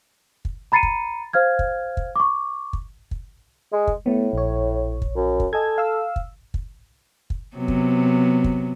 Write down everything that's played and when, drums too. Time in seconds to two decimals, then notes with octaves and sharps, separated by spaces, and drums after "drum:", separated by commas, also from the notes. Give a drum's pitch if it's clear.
0.45 drum: kick
0.72 A#5 B5 A6 C7 C#7 D#7
0.83 drum: kick
1.33 C5 F5 F6 G#6
1.59 drum: kick
1.97 drum: kick
2.16 C#6 D6
2.73 drum: kick
3.11 drum: kick
3.73 G#3
3.87 drum: kick
4.06 A2 A3 B3
4.33 A#1 C#5
5.02 drum: kick
5.16 F#2
5.40 drum: kick
5.53 A4 D#5 G#5 G#6
5.78 F5 E6
6.16 drum: kick
6.54 drum: kick
7.30 drum: kick
7.57 C3 F#3 B3
7.68 drum: kick
8.44 drum: kick